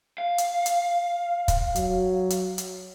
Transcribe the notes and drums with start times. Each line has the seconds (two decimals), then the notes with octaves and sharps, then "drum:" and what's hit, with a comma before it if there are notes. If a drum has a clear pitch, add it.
0.18 F5
0.38 drum: hi-hat
0.66 drum: hi-hat
1.48 drum: kick, hi-hat
1.76 F#3, drum: hi-hat
2.30 drum: hi-hat
2.58 drum: hi-hat